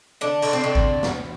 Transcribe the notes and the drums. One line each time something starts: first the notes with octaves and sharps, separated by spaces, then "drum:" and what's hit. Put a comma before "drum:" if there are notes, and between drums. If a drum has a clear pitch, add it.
D3 D4
D3, drum: cymbal
C4
D3
drum: kick A1
drum: snare